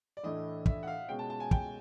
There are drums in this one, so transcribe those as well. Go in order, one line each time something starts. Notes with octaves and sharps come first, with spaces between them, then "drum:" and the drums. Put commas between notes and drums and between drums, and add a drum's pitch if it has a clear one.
D5
A2 E3 A3 D4 D#5
E5, drum: kick
F#5
F5
B2 G#3 C#4 G5
A5
A5
G#5
G5, drum: kick